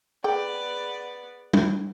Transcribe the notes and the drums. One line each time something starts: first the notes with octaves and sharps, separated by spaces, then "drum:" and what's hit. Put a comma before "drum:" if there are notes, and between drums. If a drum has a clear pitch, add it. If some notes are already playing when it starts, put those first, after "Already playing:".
B3 G#4 D5 G5
drum: tom